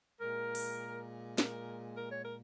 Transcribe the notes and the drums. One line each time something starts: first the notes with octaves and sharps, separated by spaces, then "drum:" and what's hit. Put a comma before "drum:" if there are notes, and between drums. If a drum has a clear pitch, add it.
A#2 G#3 A#4
drum: open hi-hat
A#4, drum: snare
A#4
C#5
A#4